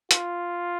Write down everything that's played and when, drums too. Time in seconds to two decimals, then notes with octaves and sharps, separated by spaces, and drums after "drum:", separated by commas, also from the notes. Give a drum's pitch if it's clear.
0.11 F4, drum: hi-hat